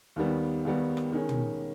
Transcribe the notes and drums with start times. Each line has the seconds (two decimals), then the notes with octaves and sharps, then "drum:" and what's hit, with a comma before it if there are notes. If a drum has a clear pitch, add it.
0.16 D#2 D#3 G3 B3
0.65 D#2 D#3 G3 B3
0.97 drum: rim click
1.12 D#3 G#3 C#4
1.29 drum: tom